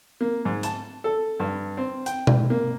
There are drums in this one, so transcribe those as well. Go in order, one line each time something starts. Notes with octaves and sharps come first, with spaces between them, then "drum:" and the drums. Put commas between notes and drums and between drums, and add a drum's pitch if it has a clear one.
A#3
G#2
A5, drum: hi-hat
A4
G2
C4
G5, drum: hi-hat
drum: tom B2
A#3